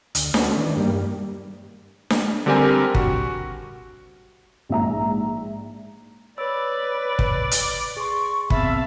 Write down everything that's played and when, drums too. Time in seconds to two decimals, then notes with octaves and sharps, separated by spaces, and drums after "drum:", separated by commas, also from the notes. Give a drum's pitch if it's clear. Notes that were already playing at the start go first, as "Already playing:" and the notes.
0.15 D2, drum: hi-hat
0.34 C#4 F#4 A4 B4 C5, drum: snare D4
0.57 D#3 E3 D4
0.77 G2 G3 A#3
2.10 drum: snare D4
2.46 D3 G3 C4 G4 A#4 G#5
2.95 F#4, drum: kick
4.69 A#1 G#2 E5 A#5
6.38 B4 C#5 D5 B5 E6
7.19 drum: kick
7.51 drum: hi-hat
7.97 G#4 C6 C#6
8.50 B3 C4 E5 F5 A5 B5, drum: kick